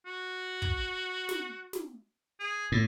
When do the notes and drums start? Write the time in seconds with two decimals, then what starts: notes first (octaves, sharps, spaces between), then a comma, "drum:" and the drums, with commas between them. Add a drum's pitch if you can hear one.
0.06 F#4
0.62 drum: kick
1.29 drum: snare
1.73 drum: snare
2.40 G#4
2.72 A2